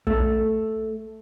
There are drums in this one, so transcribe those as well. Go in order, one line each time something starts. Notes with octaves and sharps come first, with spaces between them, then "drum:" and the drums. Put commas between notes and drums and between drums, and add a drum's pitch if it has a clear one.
A3, drum: kick